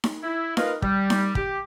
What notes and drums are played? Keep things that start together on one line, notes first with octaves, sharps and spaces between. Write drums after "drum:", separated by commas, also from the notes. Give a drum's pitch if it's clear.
drum: snare D#4
E4
F4 A#4 B4 D#5 F5, drum: snare D#4
G3, drum: kick
drum: snare D#4
G4, drum: kick